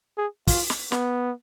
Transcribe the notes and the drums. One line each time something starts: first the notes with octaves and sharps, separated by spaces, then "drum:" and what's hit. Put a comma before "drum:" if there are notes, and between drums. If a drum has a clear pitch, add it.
G#4
F4, drum: kick, open hi-hat
drum: snare
B3, drum: snare